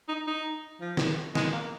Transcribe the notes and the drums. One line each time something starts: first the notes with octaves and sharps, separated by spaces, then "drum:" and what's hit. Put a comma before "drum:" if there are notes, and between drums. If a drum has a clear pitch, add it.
D#4
D#4
F3
drum: snare
G#3, drum: snare
A#3